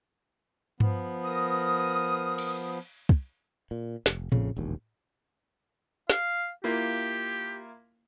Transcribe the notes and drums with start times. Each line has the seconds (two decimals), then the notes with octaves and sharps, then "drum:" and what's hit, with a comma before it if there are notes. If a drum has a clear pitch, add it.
0.80 F3 B3, drum: tom G2
1.24 A#4 D#6
2.38 drum: cymbal
3.09 drum: kick
3.71 A#2
4.06 F1, drum: snare
4.32 A#1 F2 C#3, drum: tom A2
4.57 E1 A#1 D#2
6.10 F5, drum: snare
6.64 A#3 E4 F4 G4